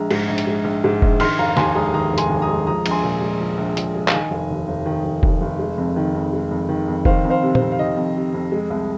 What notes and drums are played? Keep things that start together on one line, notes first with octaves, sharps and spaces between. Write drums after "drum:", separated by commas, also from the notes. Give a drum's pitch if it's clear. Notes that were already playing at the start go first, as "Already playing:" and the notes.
Already playing: A#1 G#3 A#5
G#2, drum: cymbal
A#1
drum: hi-hat
G#3
A#1
G#2
A#1, drum: kick F1
D#3 C6 F6, drum: cymbal
F1 F5 A#5
D#2 G#5 C6, drum: snare
G#3 A#5 D#6
D#3 A#5 D#6
F1
G#5 C6, drum: hi-hat
D#2
A#5 D#6
G#3
F3 A#5 D#6
A#1, drum: cymbal
G#5 C6
A#2
G#3
F3
A#1
A#2, drum: hi-hat
G#3
F5, drum: clap
D#3 D#5 G#5
F1
D#2
F1
D#3
F1
D#2, drum: kick F1
F1
G#3
F2
D#3
F2
G#3
F2
D#3
F2
D#3 C5 F5, drum: kick F1
F2
C5 F5
C3
C5, drum: tom A#2
F2
F5
D#3 D#5
F2
C3
F2
G#3
C2